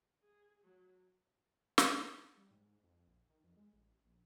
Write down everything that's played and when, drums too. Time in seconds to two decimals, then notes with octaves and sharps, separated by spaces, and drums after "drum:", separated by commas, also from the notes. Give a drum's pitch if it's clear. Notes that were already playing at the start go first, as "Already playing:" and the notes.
0.23 G#4
0.64 F#3
1.78 drum: snare
2.37 G3
2.51 G#2
2.83 F2
3.07 A#1
3.29 D#3
3.44 F2
3.57 G#3
3.73 A1
4.05 A#1